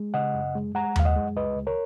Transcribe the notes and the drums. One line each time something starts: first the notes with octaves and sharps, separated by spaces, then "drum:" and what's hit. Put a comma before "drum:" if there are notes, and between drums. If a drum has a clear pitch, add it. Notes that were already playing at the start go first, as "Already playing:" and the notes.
Already playing: G#3
C#3 D#5 F#5
F#2
G#3
G#3 F#5 A#5
F#2 F5, drum: tom D#2
D#5 F#5
G#3
C#2 B4 D#5
C#2
A#4 C#5